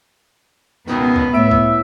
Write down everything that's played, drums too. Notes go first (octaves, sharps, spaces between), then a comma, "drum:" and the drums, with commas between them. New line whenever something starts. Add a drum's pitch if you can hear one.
C#2 B2 D#3 B3, drum: snare
drum: kick C#2
A2 E5 E6 D7
drum: kick C#2